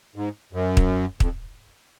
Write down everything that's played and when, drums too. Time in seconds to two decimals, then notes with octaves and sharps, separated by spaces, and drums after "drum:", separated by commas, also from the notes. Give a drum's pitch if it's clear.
0.16 G#2
0.53 F#2
0.77 drum: kick
1.20 F2, drum: kick